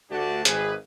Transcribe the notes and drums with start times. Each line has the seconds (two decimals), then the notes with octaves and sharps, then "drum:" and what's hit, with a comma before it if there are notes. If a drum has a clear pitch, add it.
0.11 D2 A3 D4 F#4 G4 A5
0.45 G#1 G#4 B4, drum: hi-hat